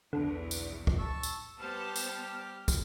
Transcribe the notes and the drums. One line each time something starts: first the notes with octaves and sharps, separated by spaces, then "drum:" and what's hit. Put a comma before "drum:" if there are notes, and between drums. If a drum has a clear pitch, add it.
B1 E2 D3
drum: tambourine
drum: kick
A5 C#6 E6
drum: tambourine
G3 B3 G4 C5 A5 F6
drum: tambourine
drum: kick, tambourine